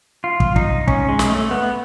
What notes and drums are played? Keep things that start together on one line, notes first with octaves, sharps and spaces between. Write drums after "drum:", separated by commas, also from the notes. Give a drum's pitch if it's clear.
F4
drum: kick
D#4, drum: kick
C#4, drum: kick
G#3
drum: snare
A3
B3